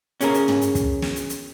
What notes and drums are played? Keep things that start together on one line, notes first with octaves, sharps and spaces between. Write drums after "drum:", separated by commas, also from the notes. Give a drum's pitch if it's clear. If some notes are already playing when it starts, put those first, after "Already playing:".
C#4 G#4 A#4, drum: hi-hat
drum: hi-hat
drum: tom
drum: hi-hat
drum: kick, hi-hat
drum: snare
drum: hi-hat
drum: hi-hat